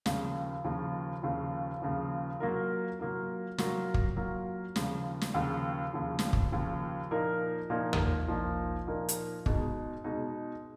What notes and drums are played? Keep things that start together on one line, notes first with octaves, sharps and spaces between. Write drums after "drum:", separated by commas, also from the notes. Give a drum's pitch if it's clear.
D#2 C#3 F3, drum: snare
D#2 C#3 F3
D#2 C#3 F3
D#2 C#3 F3
F#3 A#3 F4 A#4
F#3 A#3 F4 A#4
F#3 A#3 F4 A#4, drum: snare
drum: kick
F#3 A#3 F4 A#4
D#2 C#3 F3, drum: snare
drum: snare
D#2 C#3 F3
D#2 C#3 F3
drum: snare
drum: kick
D#2 C#3 F3
A#2 F3 A#3 D#4 A#4
A#2 F3 A#3 D#4 A#4
drum: tom
A#2 F3 A#3 D#4 A#4
A#2 F3 A#3 D#4 A#4
drum: hi-hat
B2 G#3 D#4, drum: kick
B2 G#3 D#4